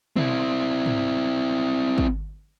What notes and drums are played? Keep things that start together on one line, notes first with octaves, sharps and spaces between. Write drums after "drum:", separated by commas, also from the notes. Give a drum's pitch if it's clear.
C4 E4, drum: tom B2
drum: tom G#2
drum: kick